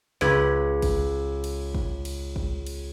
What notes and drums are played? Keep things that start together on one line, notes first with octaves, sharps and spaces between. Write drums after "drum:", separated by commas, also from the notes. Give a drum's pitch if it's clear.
C#2 B4 G#6, drum: snare
drum: kick, cymbal
drum: cymbal
drum: kick
drum: cymbal
drum: kick
drum: cymbal